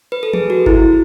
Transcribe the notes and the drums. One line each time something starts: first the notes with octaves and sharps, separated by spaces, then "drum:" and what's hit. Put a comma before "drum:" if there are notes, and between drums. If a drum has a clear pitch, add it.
B4
A4
G#4, drum: tom E3
F#4
E4, drum: kick G1